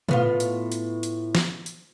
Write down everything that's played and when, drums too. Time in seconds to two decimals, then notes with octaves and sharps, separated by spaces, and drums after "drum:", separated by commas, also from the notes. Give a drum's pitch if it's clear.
0.09 A2 B3 F4, drum: tom A#2
0.40 drum: hi-hat
0.72 drum: hi-hat
1.03 drum: hi-hat
1.35 drum: snare
1.66 drum: hi-hat